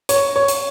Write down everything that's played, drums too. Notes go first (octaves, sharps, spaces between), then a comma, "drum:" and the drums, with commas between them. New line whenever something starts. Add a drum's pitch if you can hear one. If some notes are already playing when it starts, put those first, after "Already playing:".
C#5, drum: hi-hat
C#5
drum: hi-hat